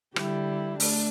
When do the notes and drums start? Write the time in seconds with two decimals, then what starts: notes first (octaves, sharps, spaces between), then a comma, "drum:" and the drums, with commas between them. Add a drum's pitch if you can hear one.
0.16 D3 G3 E4 G4, drum: rim click
0.80 A3 D4, drum: open hi-hat